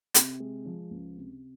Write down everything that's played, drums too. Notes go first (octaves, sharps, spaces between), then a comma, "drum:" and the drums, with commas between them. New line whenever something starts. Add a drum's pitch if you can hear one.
C3, drum: hi-hat
G#3
F3
C#2
C3